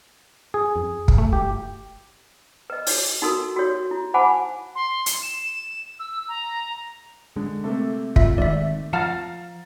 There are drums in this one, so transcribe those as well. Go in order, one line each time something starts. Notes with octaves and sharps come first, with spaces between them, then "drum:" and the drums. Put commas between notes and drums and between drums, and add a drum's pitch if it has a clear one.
G#4
F2
drum: kick
A3
G1 G4
B4 D#5
D#4 C#5, drum: open hi-hat
D#4 F#4 A4 A#4
F#4 G4 C#5
E4
C5 F#5 G#5 A5 B5 D6
C6
drum: hi-hat
E7
E6
A#5
D3 G#3
C3 A3 A#3
F4 E5, drum: kick
D#3 G#3 D5 E5
F3 F5 F#5 A5 A#5 F6 A6